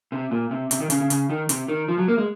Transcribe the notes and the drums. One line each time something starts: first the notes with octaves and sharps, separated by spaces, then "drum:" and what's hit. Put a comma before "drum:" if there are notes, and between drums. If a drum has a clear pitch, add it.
C3
A#2
C3
C3, drum: hi-hat
D#3
C#3, drum: hi-hat
C#3
C#3, drum: hi-hat
D#3
C3, drum: hi-hat
D#3
F3
F#3
A#3
G#3